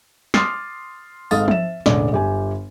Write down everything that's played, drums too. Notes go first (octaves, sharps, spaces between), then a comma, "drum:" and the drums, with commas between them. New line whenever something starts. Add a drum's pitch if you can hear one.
C6 D6 D#6 F6 A6 C7, drum: snare
G#1 G#2 A4 F5 D#6 A6, drum: tambourine
E5 E7, drum: tom F3
E1 A1 D3 D5, drum: snare
G1 G4 G#5